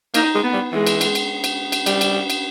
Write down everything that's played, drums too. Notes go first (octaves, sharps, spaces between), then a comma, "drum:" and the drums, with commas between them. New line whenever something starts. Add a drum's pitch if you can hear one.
A#3 D#4, drum: cymbal
G#3
B3
G3
E3 G#3
drum: cymbal
drum: cymbal
drum: cymbal
drum: cymbal
drum: cymbal
G3, drum: cymbal
drum: cymbal
drum: cymbal